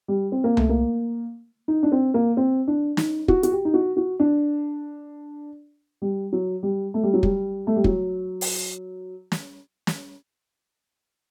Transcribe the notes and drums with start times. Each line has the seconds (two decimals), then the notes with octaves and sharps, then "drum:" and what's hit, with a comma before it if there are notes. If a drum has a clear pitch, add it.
0.08 G3
0.32 C4
0.44 A#3
0.57 A3, drum: tom C2
0.69 A#3
1.68 D#4
1.83 D4
1.92 C4
2.14 A#3
2.37 C4
2.68 D4
2.97 D#4, drum: snare
3.28 F#4, drum: kick
3.43 F#4, drum: hi-hat
3.51 G4
3.65 D#4
3.74 F#4
3.97 F#4
4.20 D4
6.02 G3
6.33 F#3
6.63 G3
6.94 A3
7.03 G3
7.14 F#3
7.23 G3, drum: kick
7.67 A3
7.76 G3
7.84 F#3, drum: kick
8.41 drum: open hi-hat
9.32 drum: snare
9.87 drum: snare